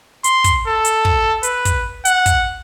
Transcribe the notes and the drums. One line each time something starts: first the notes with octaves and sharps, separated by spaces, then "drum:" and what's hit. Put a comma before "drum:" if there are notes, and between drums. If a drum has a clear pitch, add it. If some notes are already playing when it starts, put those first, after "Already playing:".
C6, drum: hi-hat
drum: kick, hi-hat
A4
drum: hi-hat
drum: kick
B4, drum: hi-hat
drum: kick, hi-hat
F#5, drum: hi-hat
drum: kick, hi-hat